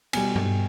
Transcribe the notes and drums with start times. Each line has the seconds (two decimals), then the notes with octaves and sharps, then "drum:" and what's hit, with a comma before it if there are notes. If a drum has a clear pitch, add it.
0.13 B2 G3 G#5, drum: cymbal
0.35 drum: tom G2